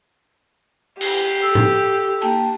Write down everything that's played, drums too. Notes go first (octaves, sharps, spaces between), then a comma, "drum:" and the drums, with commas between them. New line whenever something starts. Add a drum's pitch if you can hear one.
G4, drum: cymbal
A4 E6
drum: tom A2
A#3 G5 A5, drum: cymbal